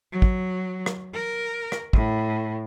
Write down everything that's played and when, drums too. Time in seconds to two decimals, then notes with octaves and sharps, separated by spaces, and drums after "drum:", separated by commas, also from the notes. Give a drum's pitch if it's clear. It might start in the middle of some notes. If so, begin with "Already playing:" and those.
0.12 F#3
0.22 drum: kick
0.86 drum: rim click
1.14 A#4
1.72 drum: rim click
1.93 A2, drum: kick